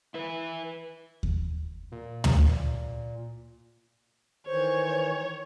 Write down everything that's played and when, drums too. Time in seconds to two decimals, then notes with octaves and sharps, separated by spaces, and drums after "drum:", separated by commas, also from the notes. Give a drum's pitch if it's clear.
0.14 E4 B4
1.23 drum: kick D#2
1.92 A#2
2.24 drum: tom
4.47 D#3 E3 C5 C#5